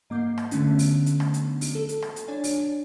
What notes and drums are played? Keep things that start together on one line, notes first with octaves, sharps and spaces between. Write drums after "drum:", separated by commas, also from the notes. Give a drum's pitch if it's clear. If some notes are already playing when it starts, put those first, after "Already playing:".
G#2 A#3 D6 G6 C7
drum: rim click
D3 A3 B3 C#4 D4, drum: hi-hat
drum: open hi-hat
drum: hi-hat
drum: rim click
drum: hi-hat
drum: open hi-hat
A4
drum: hi-hat
drum: rim click
drum: hi-hat
D4 C#5 D5 G#5
drum: open hi-hat